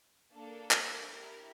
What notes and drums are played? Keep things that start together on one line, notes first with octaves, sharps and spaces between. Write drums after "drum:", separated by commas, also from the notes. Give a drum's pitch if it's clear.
A#3 D4 A4
drum: clap
E4 G4 A#4